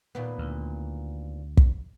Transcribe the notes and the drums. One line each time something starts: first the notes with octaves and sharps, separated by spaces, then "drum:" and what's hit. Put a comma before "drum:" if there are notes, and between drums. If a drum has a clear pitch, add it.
D#2 A#2 B3
D2
drum: kick